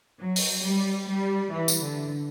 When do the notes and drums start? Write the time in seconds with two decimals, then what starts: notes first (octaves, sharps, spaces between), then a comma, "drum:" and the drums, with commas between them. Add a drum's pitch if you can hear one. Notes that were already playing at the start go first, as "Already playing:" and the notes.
0.20 F#3
0.36 drum: open hi-hat
0.64 G3
1.09 G3
1.53 E3
1.68 drum: tambourine
1.83 D3